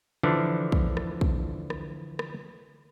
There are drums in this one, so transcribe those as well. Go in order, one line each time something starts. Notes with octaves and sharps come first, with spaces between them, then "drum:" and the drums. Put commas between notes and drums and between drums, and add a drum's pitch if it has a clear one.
D3 E3 F3 D4
drum: kick
drum: rim click
drum: kick
drum: rim click
drum: rim click